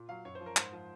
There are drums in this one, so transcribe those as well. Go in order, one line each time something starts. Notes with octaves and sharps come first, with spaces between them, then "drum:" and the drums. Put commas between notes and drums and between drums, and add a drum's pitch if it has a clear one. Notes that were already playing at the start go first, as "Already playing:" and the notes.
Already playing: A#2
F#3 F5
F#2 C#5
C5
F3
A#4
G#2 C5, drum: clap
F3